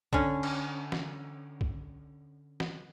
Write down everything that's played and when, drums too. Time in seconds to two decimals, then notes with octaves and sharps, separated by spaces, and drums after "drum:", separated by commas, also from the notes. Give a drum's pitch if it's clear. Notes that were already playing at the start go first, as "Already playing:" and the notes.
0.13 D3 C#4, drum: kick B1
0.43 drum: cymbal
0.92 drum: snare
1.61 drum: kick B1
2.60 drum: snare